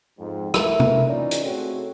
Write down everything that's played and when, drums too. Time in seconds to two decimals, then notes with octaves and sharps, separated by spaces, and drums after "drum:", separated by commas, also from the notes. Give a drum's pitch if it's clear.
0.18 F2 G#2
0.54 A3 E4 A#4 E5, drum: rim click
0.80 drum: tom C3
1.06 E3 C#4 D#4 F4 C#5 D5
1.31 drum: hi-hat
1.44 A3 C4 F#4 G#4 A4 C#5